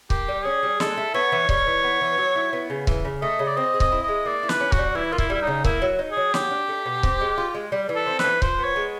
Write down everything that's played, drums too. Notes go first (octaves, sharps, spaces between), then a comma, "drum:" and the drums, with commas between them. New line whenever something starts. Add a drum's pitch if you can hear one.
A#3 G4, drum: kick C#1
G3
C#4 G#4
G3
G#3 A4, drum: snare
E4
B3 C#5
E3
G3 C#5, drum: kick C#1
E3
B3
E3
F#3
E4
B3
C#3
E3, drum: kick C#1
C#3
A3 D#5
C#3
D5
C4 D#5
G#4
D#5, drum: kick C#1
E4
D#5
G#3
A#3 D5
E4
B4, drum: snare
C#4
F#4, drum: kick C#1
G3
E3 E4
A#3 F4
E4, drum: kick C#1
G3 E4
D#4
C#3
A#3 E4, drum: kick C#1
F#3
D#4
G#4
F#3
F#3 G4, drum: snare
D4
A3
B2
C4, drum: kick C#1
G#3
F4
G#3
G3
E3
A4
C4
B4, drum: snare
E3
F3 C5, drum: kick C#1
B3
C#5
G#3